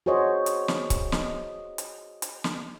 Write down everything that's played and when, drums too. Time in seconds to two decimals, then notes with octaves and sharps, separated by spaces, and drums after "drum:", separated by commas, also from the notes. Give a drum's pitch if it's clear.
0.06 F#4 G#4 C5 C#5 D#5
0.46 drum: hi-hat
0.68 drum: snare
0.90 drum: kick C#1, hi-hat
1.12 D#5, drum: snare
1.78 drum: hi-hat
2.22 drum: hi-hat
2.44 drum: snare